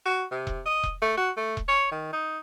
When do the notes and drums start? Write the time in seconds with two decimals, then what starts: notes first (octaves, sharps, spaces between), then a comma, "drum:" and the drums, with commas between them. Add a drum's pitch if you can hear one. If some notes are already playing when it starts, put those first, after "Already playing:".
0.06 F#4
0.32 C3
0.47 drum: kick E1
0.66 D#5
0.83 drum: kick E1
1.02 A3
1.17 F#4
1.37 A3
1.57 drum: kick E1
1.68 C#5
1.91 D#3
2.13 D#4